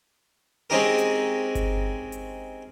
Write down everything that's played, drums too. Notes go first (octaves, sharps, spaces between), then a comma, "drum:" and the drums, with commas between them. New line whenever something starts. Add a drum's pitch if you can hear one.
G#3 C4 C#4 D#4 G4 A#4
drum: hi-hat
drum: kick G1, hi-hat
drum: hi-hat